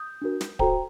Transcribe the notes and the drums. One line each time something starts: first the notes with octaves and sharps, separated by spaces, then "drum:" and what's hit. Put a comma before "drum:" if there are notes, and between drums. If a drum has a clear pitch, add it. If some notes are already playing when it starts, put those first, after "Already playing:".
Already playing: D#6 G6
D4 F#4 A#4
drum: snare
F#4 A4 C5 G5 A#5, drum: kick D1